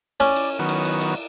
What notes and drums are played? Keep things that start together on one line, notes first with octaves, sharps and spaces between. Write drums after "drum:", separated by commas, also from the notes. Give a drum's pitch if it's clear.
C#4 D5, drum: cymbal
drum: cymbal
D#3 F#3 B3
drum: cymbal
drum: cymbal
drum: cymbal